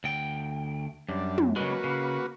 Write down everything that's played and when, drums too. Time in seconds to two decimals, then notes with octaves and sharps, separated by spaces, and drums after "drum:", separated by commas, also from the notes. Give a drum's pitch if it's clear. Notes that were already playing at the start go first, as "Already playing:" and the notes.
0.04 D2 G5
1.09 F#2 G3 D4
1.38 drum: tom
1.56 C#3 G#3 A#3 F#4 B4
1.84 C#3